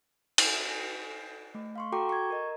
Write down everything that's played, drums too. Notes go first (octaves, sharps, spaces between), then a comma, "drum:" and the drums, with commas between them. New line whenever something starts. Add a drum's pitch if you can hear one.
drum: cymbal
A3
F5 C6 C#6
F#4 A4 G5 A#5 C#6 D6
C#6 G#6
A#4 D#5 A#5